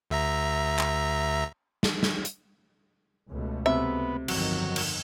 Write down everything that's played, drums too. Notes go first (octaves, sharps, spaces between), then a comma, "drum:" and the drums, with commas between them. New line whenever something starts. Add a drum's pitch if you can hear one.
D2 E5 A#5
drum: clap
drum: snare
drum: snare
drum: hi-hat
C#2 B2 A3
C3 B3 E5
G1 F2 D#3 F#3, drum: cymbal
drum: cymbal